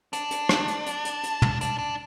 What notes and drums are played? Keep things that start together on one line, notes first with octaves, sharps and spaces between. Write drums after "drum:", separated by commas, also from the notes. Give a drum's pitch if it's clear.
D4, drum: hi-hat
drum: hi-hat
drum: rim click
drum: hi-hat
drum: hi-hat
drum: hi-hat
drum: hi-hat
drum: tom
D4, drum: hi-hat
D4